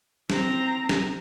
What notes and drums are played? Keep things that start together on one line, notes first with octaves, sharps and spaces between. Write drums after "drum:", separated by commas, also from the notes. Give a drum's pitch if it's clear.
C4 A#5, drum: snare
drum: snare